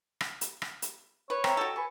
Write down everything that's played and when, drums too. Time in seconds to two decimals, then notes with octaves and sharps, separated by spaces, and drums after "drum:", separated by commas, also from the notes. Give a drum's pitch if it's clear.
0.21 drum: rim click
0.41 drum: hi-hat
0.62 drum: rim click
0.82 drum: hi-hat
1.30 B4 C#5
1.44 C4 E5 A#5, drum: rim click
1.57 F#4 G4 A4 D#5
1.76 B4 G#5 C#6